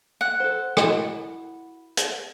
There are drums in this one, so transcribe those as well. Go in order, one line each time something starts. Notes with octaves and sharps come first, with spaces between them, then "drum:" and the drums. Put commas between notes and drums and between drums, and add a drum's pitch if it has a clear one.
F#5
A4 C5
E4 F#4 A#4, drum: rim click
drum: hi-hat